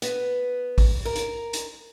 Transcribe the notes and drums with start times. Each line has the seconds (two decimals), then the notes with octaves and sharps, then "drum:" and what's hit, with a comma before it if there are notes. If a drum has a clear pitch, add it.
0.02 B3, drum: hi-hat
0.78 drum: kick A1, open hi-hat
1.05 A#4
1.16 drum: hi-hat
1.53 drum: hi-hat